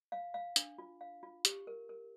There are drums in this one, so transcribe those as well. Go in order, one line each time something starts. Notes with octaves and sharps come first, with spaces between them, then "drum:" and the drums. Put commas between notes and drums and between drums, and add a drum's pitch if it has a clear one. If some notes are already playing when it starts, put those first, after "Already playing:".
F5
F5
D4, drum: hi-hat
F4
F5
F4
G4, drum: hi-hat
A#4
A#4